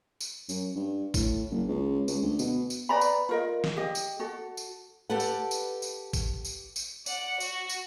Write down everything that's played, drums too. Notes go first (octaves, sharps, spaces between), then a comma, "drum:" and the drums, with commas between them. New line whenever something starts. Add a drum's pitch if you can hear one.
drum: tambourine
F#2, drum: tambourine
G2
A2, drum: kick A1, tambourine
F#1
C#2
C#2, drum: tambourine
D2
B2, drum: tambourine
drum: tambourine
B4 D5 A#5 B5
drum: tambourine
F4 A#4 D#5
drum: snare
G4 D#5
drum: tambourine
F#4 A4
drum: tambourine
G4 A4 B4 D5 F#5
drum: tambourine
drum: tambourine
drum: tambourine
drum: kick A1, tambourine
drum: tambourine
drum: tambourine
D5 F#5, drum: tambourine
F#4, drum: tambourine
drum: tambourine